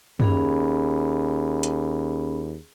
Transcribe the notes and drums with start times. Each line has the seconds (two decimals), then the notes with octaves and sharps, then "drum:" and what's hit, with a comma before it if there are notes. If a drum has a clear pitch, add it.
0.20 D#2 C#4 G#4 B5, drum: tom F#2
1.63 drum: hi-hat